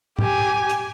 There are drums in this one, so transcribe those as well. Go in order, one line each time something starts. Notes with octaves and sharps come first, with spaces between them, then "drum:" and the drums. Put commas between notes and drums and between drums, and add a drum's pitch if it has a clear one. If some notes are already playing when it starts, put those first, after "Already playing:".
G4 G#5, drum: tom G#2
drum: hi-hat